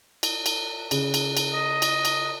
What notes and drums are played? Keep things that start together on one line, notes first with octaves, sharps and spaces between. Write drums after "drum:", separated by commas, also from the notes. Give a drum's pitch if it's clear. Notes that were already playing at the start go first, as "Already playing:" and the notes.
drum: cymbal
drum: cymbal
C#3, drum: cymbal
drum: cymbal
drum: cymbal
D#5
drum: cymbal
drum: cymbal